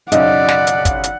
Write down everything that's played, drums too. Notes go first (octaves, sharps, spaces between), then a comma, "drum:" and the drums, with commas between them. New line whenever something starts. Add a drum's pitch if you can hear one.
B1 F#2 C#3 D5 D#5 F#5, drum: hi-hat
drum: snare
drum: hi-hat
drum: kick, hi-hat
drum: hi-hat